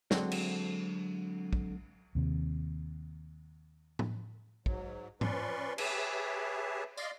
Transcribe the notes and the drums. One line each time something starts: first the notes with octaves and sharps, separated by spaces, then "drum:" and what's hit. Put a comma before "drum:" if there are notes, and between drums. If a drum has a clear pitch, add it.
D3 F#3 G#3 C4 F#4 A4, drum: snare
drum: cymbal
drum: kick
D#2 C3
drum: tom A2
G#2 F#3, drum: kick
F3 C#4 B4 D5 C6 C#6, drum: tom G#2
G4 G#4 B4 C#5 E5 A5, drum: cymbal
D5 D#5 F5 C6, drum: tambourine